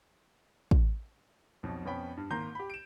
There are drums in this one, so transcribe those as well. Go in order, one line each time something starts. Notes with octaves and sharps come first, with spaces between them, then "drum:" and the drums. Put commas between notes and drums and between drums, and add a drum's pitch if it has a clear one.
drum: kick
B1 F2 B2
F2 B3 C#4 G5 B5
G2
G#1 A#3 A#5 C6 G6
G4 B5
D7 E7